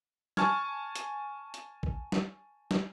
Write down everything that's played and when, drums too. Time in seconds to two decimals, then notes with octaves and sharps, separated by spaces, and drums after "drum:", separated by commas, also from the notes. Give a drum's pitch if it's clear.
0.37 G#5 A5 C#6 F6 G#6, drum: snare
0.96 drum: hi-hat
1.54 drum: hi-hat
1.83 drum: kick A#1
2.12 drum: snare
2.71 drum: snare